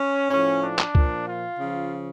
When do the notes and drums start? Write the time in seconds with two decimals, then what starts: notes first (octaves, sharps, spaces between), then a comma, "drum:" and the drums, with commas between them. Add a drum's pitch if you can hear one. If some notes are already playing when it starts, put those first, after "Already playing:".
Already playing: C#4
0.30 A2 F3 C#4
0.63 D4
0.79 drum: clap
0.95 A#2 F3, drum: kick C#2
1.27 F4
1.60 C#3 F3